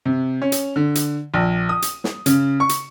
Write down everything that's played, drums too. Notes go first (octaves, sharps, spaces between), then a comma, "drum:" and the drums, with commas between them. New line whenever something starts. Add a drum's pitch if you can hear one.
C3
C#4
drum: hi-hat
D3
drum: hi-hat
A#1
D#6
drum: hi-hat
drum: snare
C#3, drum: hi-hat
C#6
drum: hi-hat